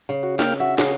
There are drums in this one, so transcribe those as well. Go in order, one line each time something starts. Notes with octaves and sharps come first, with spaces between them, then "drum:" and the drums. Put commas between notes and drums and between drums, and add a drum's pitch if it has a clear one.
C#3
F#4
A#3 G5 F6, drum: snare
F#4 E5
C#3 G#4, drum: snare